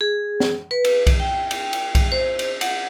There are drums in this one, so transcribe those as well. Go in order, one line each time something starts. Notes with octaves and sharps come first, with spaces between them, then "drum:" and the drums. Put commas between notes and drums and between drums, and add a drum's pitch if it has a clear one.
G#4
drum: snare
B4
drum: cymbal
drum: kick B1, cymbal
G5
drum: cymbal
drum: cymbal
drum: kick B1, cymbal
C5
drum: cymbal
F#5, drum: cymbal